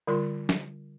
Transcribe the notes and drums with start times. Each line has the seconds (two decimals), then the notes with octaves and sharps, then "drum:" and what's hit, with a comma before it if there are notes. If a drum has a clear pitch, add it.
0.07 D3 G3 F4 A#4 C6
0.49 drum: snare